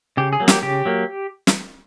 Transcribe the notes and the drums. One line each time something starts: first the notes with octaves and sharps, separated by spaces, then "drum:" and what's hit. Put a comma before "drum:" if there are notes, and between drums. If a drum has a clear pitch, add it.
C#3 G4
G#4
F#3 A#3
G4, drum: snare
C#3 G4
F#3 A#3
drum: snare